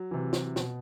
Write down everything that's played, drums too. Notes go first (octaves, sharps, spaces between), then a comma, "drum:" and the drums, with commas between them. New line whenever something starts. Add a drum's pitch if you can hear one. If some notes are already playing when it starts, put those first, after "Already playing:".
Already playing: F#3
C3 E3
drum: snare
B2, drum: snare